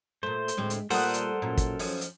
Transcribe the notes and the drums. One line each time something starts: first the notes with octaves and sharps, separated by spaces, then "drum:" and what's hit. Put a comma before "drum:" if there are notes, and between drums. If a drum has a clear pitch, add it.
A#2 A3 C5
drum: hi-hat
D2 A2 G#3 C4
drum: hi-hat
A#2 G3 A3 A4 A#4 C5 F#5 D#6, drum: open hi-hat
drum: hi-hat
F#2 A#2
drum: kick, hi-hat
F3 C#4 D#4, drum: open hi-hat
drum: hi-hat